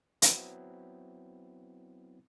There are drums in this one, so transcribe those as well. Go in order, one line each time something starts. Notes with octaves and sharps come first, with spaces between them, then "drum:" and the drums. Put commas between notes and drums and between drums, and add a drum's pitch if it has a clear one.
F#3 B3 C4 E4, drum: hi-hat